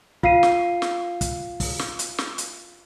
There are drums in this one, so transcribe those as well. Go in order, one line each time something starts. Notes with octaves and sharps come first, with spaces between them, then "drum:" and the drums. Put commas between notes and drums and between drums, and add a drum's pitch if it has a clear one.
F4 F5 C7 D#7, drum: kick
drum: snare
drum: snare
drum: kick, hi-hat
drum: kick, open hi-hat
drum: snare
drum: hi-hat
drum: snare
drum: hi-hat